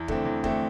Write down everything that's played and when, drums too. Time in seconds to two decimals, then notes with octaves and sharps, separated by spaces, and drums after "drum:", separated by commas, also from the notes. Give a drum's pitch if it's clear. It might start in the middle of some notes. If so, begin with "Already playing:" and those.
Already playing: E2
0.08 D3 A3 C4, drum: kick
0.25 E2
0.44 D3 A3 C4, drum: kick